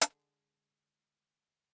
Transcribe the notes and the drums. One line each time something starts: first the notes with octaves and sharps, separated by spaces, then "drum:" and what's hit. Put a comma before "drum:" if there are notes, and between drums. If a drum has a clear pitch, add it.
D3 G#3, drum: hi-hat